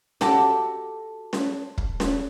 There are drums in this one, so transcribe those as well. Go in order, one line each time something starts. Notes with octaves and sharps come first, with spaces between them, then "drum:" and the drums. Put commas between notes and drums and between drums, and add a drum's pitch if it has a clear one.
F#4 G4 A4, drum: snare C#4
drum: snare C#4
drum: kick
drum: snare C#4